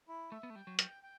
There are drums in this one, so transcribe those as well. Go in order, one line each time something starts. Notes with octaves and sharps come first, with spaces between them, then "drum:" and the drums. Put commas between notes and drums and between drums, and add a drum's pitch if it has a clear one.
E4
A3 E5
B3
A3
G3 G5
F#3
G5, drum: hi-hat
G5